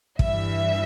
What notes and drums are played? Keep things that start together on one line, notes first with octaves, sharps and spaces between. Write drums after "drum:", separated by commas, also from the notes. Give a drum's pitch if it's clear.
G2 E3 G3 E5, drum: kick